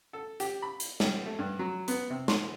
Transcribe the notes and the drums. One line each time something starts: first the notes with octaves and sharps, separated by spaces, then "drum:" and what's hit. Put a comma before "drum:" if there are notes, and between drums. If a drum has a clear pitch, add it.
A4
G4, drum: hi-hat
B5
drum: hi-hat
G3, drum: snare
A3
G2
F#3
B3, drum: hi-hat
C3
C6, drum: snare